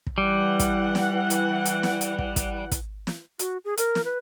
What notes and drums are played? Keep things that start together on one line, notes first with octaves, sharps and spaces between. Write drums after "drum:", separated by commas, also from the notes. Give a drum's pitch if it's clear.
drum: kick
E3 G3 F#5
drum: kick, hi-hat
drum: snare
drum: hi-hat
drum: hi-hat
drum: snare
drum: hi-hat
drum: kick
drum: kick, hi-hat
drum: kick, hi-hat
drum: snare
F#4, drum: hi-hat
G#4
A#4, drum: hi-hat
drum: snare
B4